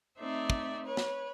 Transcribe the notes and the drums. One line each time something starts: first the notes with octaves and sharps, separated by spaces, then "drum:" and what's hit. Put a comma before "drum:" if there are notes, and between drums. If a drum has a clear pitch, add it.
A3 C4 D#4 D5 E5
drum: kick
B4 C#5
drum: snare